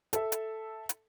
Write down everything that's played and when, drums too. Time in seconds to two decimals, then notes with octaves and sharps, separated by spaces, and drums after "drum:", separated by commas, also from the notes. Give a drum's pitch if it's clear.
0.13 A4 E5, drum: hi-hat
0.32 drum: hi-hat
0.89 drum: hi-hat